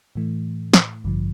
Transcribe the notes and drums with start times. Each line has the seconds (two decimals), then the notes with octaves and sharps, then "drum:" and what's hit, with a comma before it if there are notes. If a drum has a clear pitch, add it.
0.15 A2 E3 A3
0.73 drum: snare
1.04 A1 G2 D3 F3